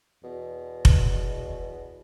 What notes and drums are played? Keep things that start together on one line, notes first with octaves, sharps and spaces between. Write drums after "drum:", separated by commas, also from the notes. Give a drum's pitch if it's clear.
E2 B2
drum: kick F1